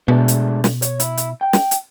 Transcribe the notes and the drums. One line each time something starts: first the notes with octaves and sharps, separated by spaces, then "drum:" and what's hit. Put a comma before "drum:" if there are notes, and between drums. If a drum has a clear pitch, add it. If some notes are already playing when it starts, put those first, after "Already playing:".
B2 G#3 A3 D4
drum: hi-hat
drum: snare
C#5, drum: hi-hat
E4, drum: hi-hat
drum: hi-hat
G5
drum: snare
drum: hi-hat